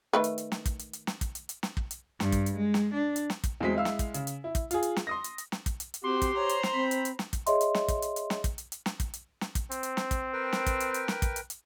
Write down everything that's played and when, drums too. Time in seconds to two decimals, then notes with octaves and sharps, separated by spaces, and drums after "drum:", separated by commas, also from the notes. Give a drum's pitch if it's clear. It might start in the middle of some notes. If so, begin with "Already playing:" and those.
0.13 D#3 A3 B4
0.24 drum: hi-hat
0.38 drum: hi-hat
0.52 drum: snare
0.66 drum: kick, hi-hat
0.79 drum: hi-hat
0.93 drum: hi-hat
1.07 drum: snare
1.21 drum: kick, hi-hat
1.35 drum: hi-hat
1.49 drum: hi-hat
1.63 drum: snare
1.77 drum: kick
1.91 drum: hi-hat
2.20 G2, drum: snare
2.32 drum: kick, hi-hat
2.46 drum: hi-hat
2.57 G#3
2.74 drum: snare
2.94 D4
3.16 drum: hi-hat
3.30 drum: snare
3.44 drum: kick, hi-hat
3.60 E2 F#3 G#3 C4 B6
3.75 G#3 E4 F5 E6
3.85 drum: snare
3.99 drum: kick, hi-hat
4.14 C#3, drum: hi-hat
4.27 drum: hi-hat
4.44 E4
4.55 drum: kick, hi-hat
4.71 F4 G#4, drum: hi-hat
4.83 drum: hi-hat
4.96 drum: snare
5.07 C6 D#6 A#6
5.24 drum: hi-hat
5.38 drum: hi-hat
5.52 drum: snare
5.66 drum: kick, hi-hat
5.80 drum: hi-hat
5.94 drum: hi-hat
6.04 C4 F#4 G4 C6
6.22 drum: kick, hi-hat
6.35 C5 C#5 A#5
6.49 drum: hi-hat
6.63 drum: snare
6.74 C4 B5
6.91 drum: hi-hat
7.05 drum: hi-hat
7.19 drum: snare
7.33 drum: kick, hi-hat
7.46 G#4 C#5 D#5 E5 C6, drum: hi-hat
7.61 drum: hi-hat
7.74 drum: snare
7.88 drum: kick, hi-hat
8.02 drum: hi-hat
8.16 drum: hi-hat
8.30 drum: snare
8.44 drum: kick, hi-hat
8.58 drum: hi-hat
8.72 drum: hi-hat
8.86 drum: snare
9.00 drum: kick, hi-hat
9.14 drum: hi-hat
9.41 drum: snare
9.55 drum: kick, hi-hat
9.71 C4, drum: hi-hat
9.83 drum: hi-hat
9.97 drum: snare
10.11 drum: kick, hi-hat
10.33 A#4 B4 G5
10.53 drum: snare
10.66 drum: kick, hi-hat
10.80 drum: hi-hat
10.94 drum: hi-hat
11.08 drum: snare
11.22 drum: kick, hi-hat
11.36 drum: hi-hat
11.50 drum: hi-hat